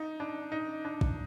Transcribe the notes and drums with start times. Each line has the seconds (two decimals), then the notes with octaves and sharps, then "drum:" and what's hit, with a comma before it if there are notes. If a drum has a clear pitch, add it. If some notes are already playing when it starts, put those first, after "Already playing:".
Already playing: D#4
0.20 D4
0.52 D#4
0.85 D4
1.01 drum: kick